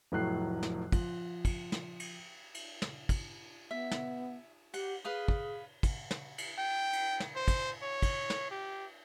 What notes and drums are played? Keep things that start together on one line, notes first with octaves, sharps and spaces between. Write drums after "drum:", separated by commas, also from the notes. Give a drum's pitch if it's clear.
F1 A2 F#3 F#6 C7
drum: snare
F3, drum: kick, cymbal
drum: kick, cymbal
drum: snare
drum: cymbal
drum: cymbal
drum: snare
drum: kick, cymbal
B3 E5
drum: snare
G4 F#5, drum: cymbal
G#4 B4 F5 D#6
drum: kick
drum: kick, cymbal
drum: snare
drum: cymbal
G5
drum: cymbal
drum: snare
C5
drum: kick, cymbal
C#5
drum: kick, cymbal
drum: snare
G4